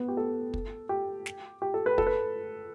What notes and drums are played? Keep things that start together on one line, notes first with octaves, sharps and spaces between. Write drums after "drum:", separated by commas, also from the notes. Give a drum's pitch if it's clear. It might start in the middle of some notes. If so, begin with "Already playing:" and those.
Already playing: B3
G4
A4
drum: kick
G4
drum: snare
G4
A4
B4
A4, drum: kick
B4